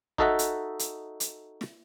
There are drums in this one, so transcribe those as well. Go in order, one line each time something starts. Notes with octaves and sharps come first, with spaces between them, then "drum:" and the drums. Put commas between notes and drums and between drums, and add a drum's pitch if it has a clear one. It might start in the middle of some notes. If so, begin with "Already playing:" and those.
D#4 F#4 A4 D#5 E5 F#5, drum: kick
drum: hi-hat
drum: hi-hat
drum: hi-hat
drum: snare